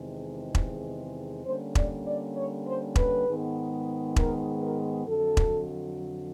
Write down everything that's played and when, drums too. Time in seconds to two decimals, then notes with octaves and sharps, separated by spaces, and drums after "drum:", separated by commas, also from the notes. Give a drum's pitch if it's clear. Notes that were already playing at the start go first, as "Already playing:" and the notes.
Already playing: E2 C3 D#3 G#3
0.55 drum: kick E1
1.44 D3 G3 A#3 C#4 C5
1.75 D5, drum: kick E1
2.06 D5
2.35 C#5
2.66 C5
2.96 B4, drum: kick E1
3.26 G#2 D#3 G#3 B3
4.16 A#4, drum: kick E1
4.62 A#4
5.06 F2 D3 F#3 A4
5.37 drum: kick E1